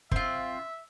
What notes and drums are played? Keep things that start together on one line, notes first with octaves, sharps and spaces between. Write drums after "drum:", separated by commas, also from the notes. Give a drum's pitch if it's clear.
C4 F4 E5, drum: kick